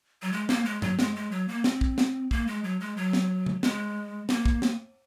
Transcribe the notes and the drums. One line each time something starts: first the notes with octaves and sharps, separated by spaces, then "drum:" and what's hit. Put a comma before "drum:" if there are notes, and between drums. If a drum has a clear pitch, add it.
F#3
G#3
A#3, drum: snare
G#3
F#3, drum: tom G2
G#3, drum: snare
G#3
F#3
A#3
C4, drum: snare
drum: kick
drum: snare
A#3, drum: kick
G#3
F#3
G#3
F#3
drum: snare
drum: tom C#3
G#3, drum: snare
A#3, drum: snare
drum: kick
drum: snare